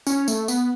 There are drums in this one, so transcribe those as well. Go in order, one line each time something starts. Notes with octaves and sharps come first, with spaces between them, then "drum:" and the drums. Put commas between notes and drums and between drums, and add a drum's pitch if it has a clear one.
C#4, drum: tambourine
A3, drum: tambourine
B3, drum: tambourine